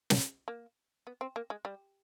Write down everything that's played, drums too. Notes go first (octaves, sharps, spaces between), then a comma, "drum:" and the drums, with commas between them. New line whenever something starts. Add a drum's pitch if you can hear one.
drum: snare
A#3
B3
C4
A#3
G#3
G3